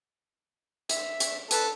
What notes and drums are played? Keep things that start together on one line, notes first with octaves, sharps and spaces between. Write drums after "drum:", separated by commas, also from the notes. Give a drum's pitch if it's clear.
E5, drum: hi-hat
drum: hi-hat
A4 B4, drum: hi-hat